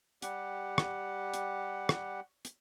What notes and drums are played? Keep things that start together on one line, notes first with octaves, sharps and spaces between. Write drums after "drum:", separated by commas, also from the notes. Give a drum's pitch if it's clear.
G3 G4 F#5, drum: hi-hat
drum: rim click
drum: hi-hat
drum: rim click
drum: hi-hat